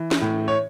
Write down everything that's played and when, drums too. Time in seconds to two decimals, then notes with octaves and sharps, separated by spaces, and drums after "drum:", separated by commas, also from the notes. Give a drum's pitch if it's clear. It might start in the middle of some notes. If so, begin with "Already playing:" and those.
Already playing: E3
0.11 drum: snare
0.21 A2
0.48 C#5